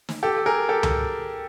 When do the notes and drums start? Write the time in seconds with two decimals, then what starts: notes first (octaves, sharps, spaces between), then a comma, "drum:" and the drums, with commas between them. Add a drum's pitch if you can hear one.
0.09 drum: snare
0.23 G4 A4
0.46 G#4 A#4
0.69 G4 A4
0.83 drum: tom C#2